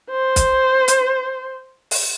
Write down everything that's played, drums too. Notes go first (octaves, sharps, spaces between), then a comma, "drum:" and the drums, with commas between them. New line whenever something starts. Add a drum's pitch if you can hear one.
C5
drum: kick, hi-hat
drum: hi-hat
drum: open hi-hat